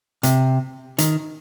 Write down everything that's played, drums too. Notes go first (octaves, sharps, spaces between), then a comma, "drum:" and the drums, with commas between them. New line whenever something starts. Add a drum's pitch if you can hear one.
C3, drum: hi-hat
D#3, drum: hi-hat